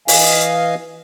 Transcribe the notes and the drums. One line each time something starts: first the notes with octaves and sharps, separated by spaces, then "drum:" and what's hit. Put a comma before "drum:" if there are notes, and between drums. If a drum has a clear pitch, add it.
E3 D#5 F5 G#5, drum: open hi-hat